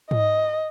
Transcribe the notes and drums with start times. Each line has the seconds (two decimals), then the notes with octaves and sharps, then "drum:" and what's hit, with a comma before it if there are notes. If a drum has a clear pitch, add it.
0.11 D#5, drum: tom G#2